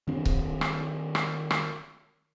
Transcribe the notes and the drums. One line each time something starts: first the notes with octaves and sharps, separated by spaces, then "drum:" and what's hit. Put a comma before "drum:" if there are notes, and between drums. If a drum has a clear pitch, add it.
D#3 C4 D4
drum: kick C#1
drum: rim click
drum: rim click
drum: rim click